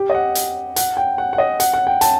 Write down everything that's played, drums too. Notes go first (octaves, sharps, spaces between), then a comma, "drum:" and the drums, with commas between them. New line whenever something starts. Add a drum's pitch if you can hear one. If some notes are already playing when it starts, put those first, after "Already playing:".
Already playing: G4
D#5
F#5
drum: hi-hat
F#5, drum: hi-hat
G5
F#5
F#5
D#5
F#5, drum: hi-hat
F#5
G5
A5, drum: hi-hat